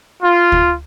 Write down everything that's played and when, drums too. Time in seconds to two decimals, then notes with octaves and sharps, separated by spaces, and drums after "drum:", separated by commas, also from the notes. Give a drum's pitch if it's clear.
0.23 F4
0.52 drum: kick D2